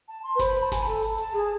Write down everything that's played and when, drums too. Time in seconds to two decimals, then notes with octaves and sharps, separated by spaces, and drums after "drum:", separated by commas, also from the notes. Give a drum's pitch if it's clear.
0.08 A5
0.23 C6
0.35 B4
0.39 C5 B5, drum: snare G1
0.63 A5
0.72 G#5, drum: snare G1
0.82 B5
0.86 A4 A5, drum: hi-hat
1.02 drum: hi-hat
1.18 drum: hi-hat
1.34 G#4